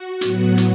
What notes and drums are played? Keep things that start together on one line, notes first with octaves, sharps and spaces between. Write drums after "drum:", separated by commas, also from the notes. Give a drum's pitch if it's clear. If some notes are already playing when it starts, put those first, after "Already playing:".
Already playing: F#4
A2 F#3 B3, drum: hi-hat
drum: hi-hat